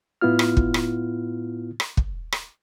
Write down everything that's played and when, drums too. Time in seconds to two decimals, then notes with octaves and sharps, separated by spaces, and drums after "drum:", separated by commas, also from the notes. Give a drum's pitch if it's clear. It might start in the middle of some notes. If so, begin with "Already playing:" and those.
0.21 A2 B3 E4 F4 F6
0.39 drum: rim click
0.57 drum: kick
0.74 drum: rim click
1.80 drum: rim click
1.97 drum: kick
2.32 drum: rim click